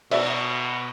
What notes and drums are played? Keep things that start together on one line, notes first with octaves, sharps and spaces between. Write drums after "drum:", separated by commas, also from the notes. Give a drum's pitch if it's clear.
B2 F#4 D5 E5, drum: cymbal